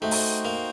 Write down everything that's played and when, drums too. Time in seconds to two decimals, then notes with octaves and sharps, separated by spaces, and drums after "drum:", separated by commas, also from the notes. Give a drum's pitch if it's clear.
0.01 A3 D#4 F#4 C5 G5
0.11 drum: open hi-hat
0.45 A#3